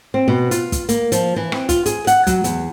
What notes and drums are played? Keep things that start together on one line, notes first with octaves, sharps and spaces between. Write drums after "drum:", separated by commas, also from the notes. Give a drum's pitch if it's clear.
C4
B2
F4, drum: hi-hat
drum: kick, hi-hat
A#3, drum: hi-hat
F3, drum: hi-hat
E3
C4, drum: rim click
F4, drum: kick, hi-hat
G#4, drum: hi-hat
F#5, drum: hi-hat
F#3, drum: kick, hi-hat
E2, drum: hi-hat